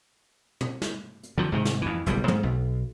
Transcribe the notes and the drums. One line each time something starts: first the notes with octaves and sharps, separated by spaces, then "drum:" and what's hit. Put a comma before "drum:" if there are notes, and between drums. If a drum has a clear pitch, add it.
drum: tom
drum: snare
drum: hi-hat
D3 F3 F#3
G#2 C3 D#3
drum: snare
F2 E3
F#1 B1 B2 G3, drum: hi-hat
G#2, drum: tom
B1